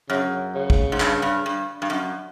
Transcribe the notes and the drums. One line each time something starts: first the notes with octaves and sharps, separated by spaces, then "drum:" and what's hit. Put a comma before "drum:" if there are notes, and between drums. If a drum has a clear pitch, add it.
F#2 C#3
C#3
drum: kick
G#2
G2, drum: clap
G2
G2
G2
F#2